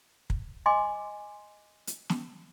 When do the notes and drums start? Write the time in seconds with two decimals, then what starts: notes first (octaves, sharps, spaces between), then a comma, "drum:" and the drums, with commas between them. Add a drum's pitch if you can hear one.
0.30 drum: kick
0.66 D#5 G#5 C6 D6
1.87 drum: hi-hat
2.10 drum: snare